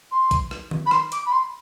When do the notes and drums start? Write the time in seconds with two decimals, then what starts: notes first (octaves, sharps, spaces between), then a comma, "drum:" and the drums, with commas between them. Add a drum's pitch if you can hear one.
0.11 C6
0.31 drum: kick A#1, hi-hat
0.51 drum: rim click
0.71 drum: tom D#3
0.86 B5
0.91 C6, drum: rim click
1.12 D6, drum: hi-hat
1.26 B5
1.32 C6